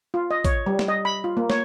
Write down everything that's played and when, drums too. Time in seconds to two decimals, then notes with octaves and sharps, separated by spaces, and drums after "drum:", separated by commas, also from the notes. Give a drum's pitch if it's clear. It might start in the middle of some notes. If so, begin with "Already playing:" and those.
0.14 F4
0.31 D#5
0.45 C#5, drum: kick, hi-hat
0.66 G3
0.79 drum: snare
0.88 D#5
1.05 B5
1.24 F4
1.37 A#3
1.50 C#5, drum: snare